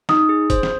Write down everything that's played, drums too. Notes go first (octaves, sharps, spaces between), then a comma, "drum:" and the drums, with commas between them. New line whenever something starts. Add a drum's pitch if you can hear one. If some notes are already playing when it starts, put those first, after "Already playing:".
D#4 D#6, drum: snare
G#4
C5, drum: kick, hi-hat
drum: snare